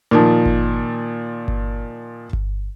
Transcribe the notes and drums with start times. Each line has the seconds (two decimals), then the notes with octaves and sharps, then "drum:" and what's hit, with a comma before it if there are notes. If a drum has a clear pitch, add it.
0.11 A#2 D#3 F3
0.46 drum: kick G1
1.48 drum: kick G1
2.33 drum: kick G1